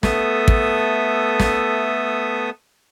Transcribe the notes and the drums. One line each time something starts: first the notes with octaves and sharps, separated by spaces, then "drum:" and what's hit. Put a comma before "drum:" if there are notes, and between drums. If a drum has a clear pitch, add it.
A3 B3 A4 E5 D#6, drum: snare
drum: kick
drum: snare